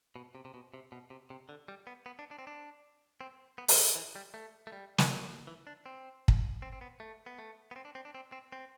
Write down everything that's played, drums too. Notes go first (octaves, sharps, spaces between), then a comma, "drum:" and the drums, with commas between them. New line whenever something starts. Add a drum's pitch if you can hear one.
B2
C3
C3
B2
C3
B2
C3
C3
D3
G3
B3
B3
D4
D4
C4
D4
C4
B3
F#3, drum: open hi-hat
G3
E3
G3
A3
A3
G3
E3, drum: snare
F#3
E3
D4
C4
drum: kick
C4
C4
B3
A3
B3
A3
B3
C4
D4
C4
D4
C4
C4
C4